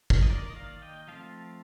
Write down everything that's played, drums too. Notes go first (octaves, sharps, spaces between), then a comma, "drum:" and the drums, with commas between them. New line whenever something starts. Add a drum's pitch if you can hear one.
drum: kick
D#5
D#3 A#3 A#4 D5
D#5
D5 F5
D#5 G5
F3 A3 C4 F5 A5